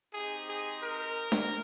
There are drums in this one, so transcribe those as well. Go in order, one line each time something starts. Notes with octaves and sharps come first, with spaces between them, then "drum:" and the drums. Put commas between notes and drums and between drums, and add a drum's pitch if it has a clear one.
C4 D#4 G4 G#4
G#4
A#4
drum: snare D4